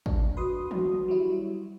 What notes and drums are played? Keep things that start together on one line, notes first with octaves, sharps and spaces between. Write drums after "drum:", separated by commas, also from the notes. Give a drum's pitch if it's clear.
D4, drum: kick
F#4 B4 C6 D#6
F#4, drum: tom
F#3 G3 E4